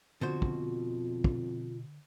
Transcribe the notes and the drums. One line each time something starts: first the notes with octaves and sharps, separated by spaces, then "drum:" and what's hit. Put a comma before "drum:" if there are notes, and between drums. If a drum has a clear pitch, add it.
F2 B2 D3 F4 F#4 C5
drum: kick
drum: kick